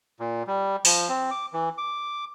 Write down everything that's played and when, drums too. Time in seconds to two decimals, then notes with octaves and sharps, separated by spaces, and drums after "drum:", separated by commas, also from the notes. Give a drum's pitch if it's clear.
0.20 A#2
0.47 G3
0.85 F3, drum: open hi-hat
1.09 C4
1.31 D6
1.53 E3
1.78 D6